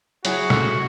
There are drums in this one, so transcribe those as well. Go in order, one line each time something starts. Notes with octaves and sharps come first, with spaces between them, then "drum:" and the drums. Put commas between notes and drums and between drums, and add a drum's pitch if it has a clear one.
F#3 E4 F#4 G#4, drum: hi-hat
drum: snare